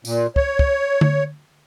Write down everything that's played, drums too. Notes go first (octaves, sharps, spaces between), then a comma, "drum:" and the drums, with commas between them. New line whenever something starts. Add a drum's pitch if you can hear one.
A#2, drum: tambourine
C#5, drum: kick
drum: kick
drum: tom D3